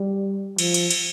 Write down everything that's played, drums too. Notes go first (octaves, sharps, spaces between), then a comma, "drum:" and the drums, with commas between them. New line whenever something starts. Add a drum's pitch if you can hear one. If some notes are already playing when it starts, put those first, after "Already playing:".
Already playing: G3
F3, drum: cymbal
drum: cymbal
drum: cymbal